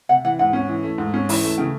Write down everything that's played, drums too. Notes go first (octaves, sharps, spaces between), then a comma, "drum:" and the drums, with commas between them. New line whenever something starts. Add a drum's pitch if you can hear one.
C3 F#5
E3 F#5
G#2 F#5
C#4
E3
A3
G#2
C#4
E3, drum: open hi-hat
A3
C#3 G5